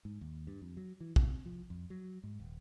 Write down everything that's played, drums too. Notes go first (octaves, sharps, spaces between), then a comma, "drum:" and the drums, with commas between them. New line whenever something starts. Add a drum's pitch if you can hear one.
G#2
D#2
G2
F2
F#3
E3
C3, drum: kick
F3
F2
F#3
G#2
D#1